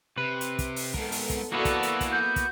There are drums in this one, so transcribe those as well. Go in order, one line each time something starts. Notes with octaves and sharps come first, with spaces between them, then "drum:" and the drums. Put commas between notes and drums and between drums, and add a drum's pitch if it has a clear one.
C3 B4
drum: hi-hat
drum: kick, hi-hat
drum: open hi-hat
G#2 B3 A4 A#4, drum: kick
drum: open hi-hat
drum: kick, hi-hat
E3 A#3 B3 E4 F#4 A4 D5
drum: kick, hi-hat
drum: hi-hat
drum: kick, hi-hat
F#4 G6
drum: kick, hi-hat